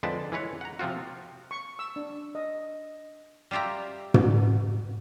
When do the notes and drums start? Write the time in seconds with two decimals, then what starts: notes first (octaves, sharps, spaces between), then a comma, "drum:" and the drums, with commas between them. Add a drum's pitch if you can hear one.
0.03 F2 D3 G#3 B4 G5 A5
0.32 E3 G#3 B4 C#5
0.61 F#5 A#5
0.79 C3 F3 C4 F4 F#4
1.51 C#6
1.79 E6
1.96 D4
2.35 D#5
3.51 G3 F4 G4 E5 A#5
4.14 drum: tom